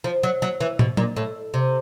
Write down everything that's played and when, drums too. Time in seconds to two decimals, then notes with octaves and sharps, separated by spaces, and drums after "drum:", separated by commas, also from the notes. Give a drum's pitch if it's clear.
0.04 F3
0.23 F#3
0.42 F#3
0.60 E3
0.79 B2, drum: tom
0.97 A#2, drum: tom F#3
1.16 A2
1.54 C3